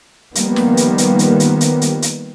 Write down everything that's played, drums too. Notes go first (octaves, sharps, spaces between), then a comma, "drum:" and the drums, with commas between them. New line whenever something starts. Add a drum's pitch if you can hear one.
D#3 F3 G3 A#3 B3, drum: hi-hat
drum: snare
drum: hi-hat
drum: hi-hat
drum: hi-hat
drum: hi-hat
drum: hi-hat
drum: hi-hat
drum: hi-hat